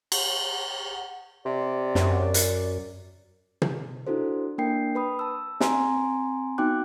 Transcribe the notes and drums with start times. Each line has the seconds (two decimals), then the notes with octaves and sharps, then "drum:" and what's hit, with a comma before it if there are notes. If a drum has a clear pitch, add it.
0.12 drum: cymbal
0.52 F#5
1.45 C3 D5
1.95 F#2, drum: snare
2.34 drum: hi-hat
3.62 drum: tom
4.07 D4 E4 F#4 A4 C5
4.58 A#3 D4 A#4 G5 C7
4.95 B4 B5 D#6
5.19 A5 E6
5.60 C4 G#5 A#5 C6, drum: snare
6.58 B3 D#4 F#4 G5 D6 F#6